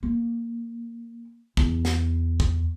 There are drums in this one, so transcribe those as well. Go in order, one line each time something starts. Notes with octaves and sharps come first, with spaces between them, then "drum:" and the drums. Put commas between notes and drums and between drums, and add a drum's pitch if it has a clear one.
A#3
E2, drum: kick
drum: snare
drum: kick